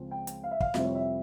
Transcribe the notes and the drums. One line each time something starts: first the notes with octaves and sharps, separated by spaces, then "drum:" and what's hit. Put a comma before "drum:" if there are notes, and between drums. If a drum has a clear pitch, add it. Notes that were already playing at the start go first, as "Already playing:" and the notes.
Already playing: C#2 C#3 F3 G#3 C4
G5
drum: hi-hat
F5
E5
F5, drum: kick
F2 C3 G3 C4 E4 E5, drum: snare
C#5
E5